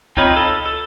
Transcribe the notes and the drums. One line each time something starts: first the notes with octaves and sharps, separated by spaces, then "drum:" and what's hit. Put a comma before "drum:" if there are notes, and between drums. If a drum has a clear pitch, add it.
C4 D#4 F4 C#5 D#5 B5, drum: kick C#2
A4
A4